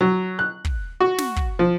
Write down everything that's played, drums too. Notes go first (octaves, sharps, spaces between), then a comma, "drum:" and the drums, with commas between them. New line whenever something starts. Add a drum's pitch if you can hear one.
F#3
F#6
drum: kick
F#4
drum: snare
drum: kick
F3